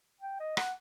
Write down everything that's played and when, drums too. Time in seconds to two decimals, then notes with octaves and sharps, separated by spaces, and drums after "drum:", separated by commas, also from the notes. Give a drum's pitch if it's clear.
0.21 G5
0.40 D#5
0.57 F#5, drum: rim click